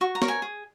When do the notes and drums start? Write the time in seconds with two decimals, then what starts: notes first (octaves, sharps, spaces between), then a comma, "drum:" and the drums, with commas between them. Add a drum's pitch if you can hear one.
0.01 F#4 C#6
0.15 A#5
0.22 A#4 C#5, drum: snare
0.28 G#5
0.42 G#4